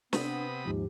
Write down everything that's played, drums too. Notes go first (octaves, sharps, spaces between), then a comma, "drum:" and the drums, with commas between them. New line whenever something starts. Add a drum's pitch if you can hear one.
C3 B3 D4 B5 D#6, drum: snare
D#2 G#2 F3 G4